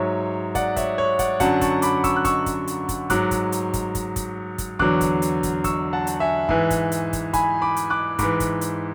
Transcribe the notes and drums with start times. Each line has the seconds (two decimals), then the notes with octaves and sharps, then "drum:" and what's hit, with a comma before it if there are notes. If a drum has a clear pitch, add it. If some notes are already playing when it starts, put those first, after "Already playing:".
Already playing: G#2 F#3 C#5 E5
0.55 D5 F#5, drum: kick, hi-hat
0.76 C#5 E5, drum: kick, hi-hat
0.98 C#5
1.19 D5 F#5, drum: kick, hi-hat
1.40 F#2 D3 F#3 F#5 A5, drum: kick, hi-hat
1.61 A5 C#6, drum: kick, hi-hat
1.82 B5 D6, drum: hi-hat
2.04 C#6 E6, drum: kick, hi-hat
2.16 F#6
2.25 C#6 E6, drum: kick, hi-hat
2.46 drum: kick, hi-hat
2.67 drum: hi-hat
2.89 drum: kick, hi-hat
3.10 G#2 F#3 D6 F#6, drum: kick, hi-hat
3.31 drum: kick, hi-hat
3.52 drum: hi-hat
3.74 drum: kick, hi-hat
3.95 drum: kick, hi-hat
4.16 drum: kick, hi-hat
4.58 drum: kick, hi-hat
4.79 E2 D3 F#3 D6 F#6, drum: kick
5.01 drum: kick, hi-hat
5.22 drum: hi-hat
5.43 drum: kick, hi-hat
5.64 C#6 E6, drum: kick, hi-hat
5.93 F#5 A5
6.07 drum: hi-hat
6.20 E5 G#5
6.49 G#2 E3 E5 G#5, drum: kick
6.70 drum: kick, hi-hat
6.92 drum: hi-hat
7.13 drum: kick, hi-hat
7.33 G#5 B5, drum: kick, hi-hat
7.62 B5 D6
7.76 drum: hi-hat
7.90 D6 F#6
8.19 G#2 E3 B5 D6, drum: kick, hi-hat
8.40 drum: kick, hi-hat
8.61 drum: hi-hat